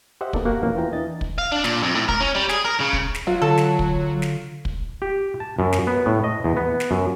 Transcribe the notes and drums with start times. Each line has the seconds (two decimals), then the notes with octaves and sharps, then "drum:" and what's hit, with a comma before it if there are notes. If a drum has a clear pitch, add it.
0.21 G4 C5 D#5 E5 F#5
0.33 A#3 B3 D#4 A4 D5, drum: kick
0.45 F#2 A#3 F#4 G4 F#5
0.62 E2 B2 E3 F3 A#3 C#4
0.74 E2 E3 F4 G5 A#5
0.92 E3 D4 D#5 A6
1.21 drum: kick
1.38 F5
1.52 D4
1.64 A#2, drum: snare
1.83 F2
1.95 A2
2.08 A#4, drum: kick
2.20 C#4
2.35 G3
2.49 G#4, drum: snare
2.65 A#4
2.80 C#3
2.93 drum: kick
3.15 drum: snare
3.27 F#3 F4
3.42 D3 A4
3.58 drum: snare
3.79 drum: kick
4.22 drum: snare
4.65 drum: kick
5.02 G4
5.40 A5
5.59 F#2
5.72 drum: snare
5.87 B3
6.06 A2
6.24 D#5
6.44 E2
6.57 B3
6.80 drum: snare
6.91 F#2